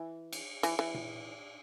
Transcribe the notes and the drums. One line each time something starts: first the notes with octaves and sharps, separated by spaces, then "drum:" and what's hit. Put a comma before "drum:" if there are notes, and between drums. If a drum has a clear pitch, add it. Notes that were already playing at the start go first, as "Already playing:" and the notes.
Already playing: E3
drum: cymbal
E3, drum: cymbal
E3
drum: tom A#2